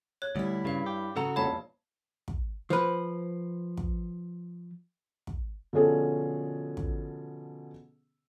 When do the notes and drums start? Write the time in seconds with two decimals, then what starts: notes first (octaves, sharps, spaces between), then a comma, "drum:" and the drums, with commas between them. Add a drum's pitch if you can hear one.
0.22 C#5 F#6
0.36 D2 G3 E4
0.65 G2 C#3 B4 F5
0.86 G4
1.16 C#3 F#4 A4 F#5 A#5
1.36 E1 A#1 C#5 F5 A5 B5
2.28 drum: kick
2.70 F3 B4
3.77 drum: kick
5.27 drum: kick
5.73 B2 D3 F3 C#4 G#4 A4
6.77 drum: kick